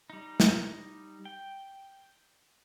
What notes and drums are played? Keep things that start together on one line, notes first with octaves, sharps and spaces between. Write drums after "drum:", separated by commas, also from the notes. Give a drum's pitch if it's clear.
G3 D#4
drum: snare
G5